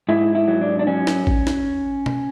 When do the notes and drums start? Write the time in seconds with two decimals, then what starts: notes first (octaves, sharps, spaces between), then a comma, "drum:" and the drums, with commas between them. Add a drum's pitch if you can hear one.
0.09 G#2 E4
0.35 E4
0.48 F#3
0.61 D4
0.79 D4
0.87 F#3 C#4
1.07 drum: snare
1.27 drum: kick A1
1.47 drum: snare
2.06 drum: tom B2